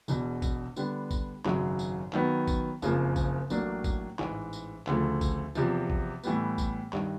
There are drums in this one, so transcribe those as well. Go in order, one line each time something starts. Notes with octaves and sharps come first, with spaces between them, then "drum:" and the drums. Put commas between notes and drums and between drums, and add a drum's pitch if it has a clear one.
E1 E2 B2, drum: tambourine
drum: kick A1, tambourine
D3 G3 B3 D4, drum: tambourine
drum: kick A1, tambourine
G#1 F#2 C#3 F#3, drum: clap
drum: tambourine
D#3 F#3 B3, drum: clap
drum: kick A1, tambourine
F#1 F2 C#3 F3 A#3, drum: tambourine
drum: kick A1, tambourine
A1 A2 F#3 A#3 D4, drum: tambourine
drum: kick A1, tambourine
A1 G#2 E3, drum: clap
drum: tambourine
D2 C#3 F3 A3, drum: clap
drum: kick A1, tambourine
E2 C3 F3, drum: tambourine
drum: kick A1
A2 E3 G3 B3, drum: tambourine
drum: kick A1, tambourine
G2 D#3 G3, drum: clap